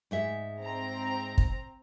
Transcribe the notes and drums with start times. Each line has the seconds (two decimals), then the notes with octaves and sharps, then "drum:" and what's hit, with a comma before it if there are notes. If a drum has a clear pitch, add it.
0.11 G#2 G#3 E5
0.62 C4 A#5
1.38 drum: kick